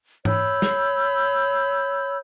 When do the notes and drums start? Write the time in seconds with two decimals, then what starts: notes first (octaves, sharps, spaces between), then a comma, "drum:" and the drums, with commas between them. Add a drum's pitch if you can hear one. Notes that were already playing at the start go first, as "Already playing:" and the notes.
0.25 C#5 B5 E6 G6, drum: tom G#2
0.62 drum: snare